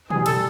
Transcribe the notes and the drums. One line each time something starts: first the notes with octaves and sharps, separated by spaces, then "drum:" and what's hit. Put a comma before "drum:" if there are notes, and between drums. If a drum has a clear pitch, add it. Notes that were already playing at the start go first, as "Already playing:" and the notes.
G#4, drum: tom B2
G3
A4, drum: cymbal